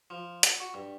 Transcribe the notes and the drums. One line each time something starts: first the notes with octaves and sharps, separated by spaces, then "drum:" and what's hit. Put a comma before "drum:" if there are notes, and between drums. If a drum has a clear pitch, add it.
F3
F#5, drum: hi-hat
F#4
G2